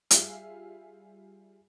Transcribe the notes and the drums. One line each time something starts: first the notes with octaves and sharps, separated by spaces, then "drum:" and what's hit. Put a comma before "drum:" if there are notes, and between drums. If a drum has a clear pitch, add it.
G3 F4 G#4 E5 F5, drum: hi-hat